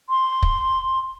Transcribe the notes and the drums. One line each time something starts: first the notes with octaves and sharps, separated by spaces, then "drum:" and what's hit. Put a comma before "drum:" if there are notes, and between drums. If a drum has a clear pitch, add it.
C6
drum: kick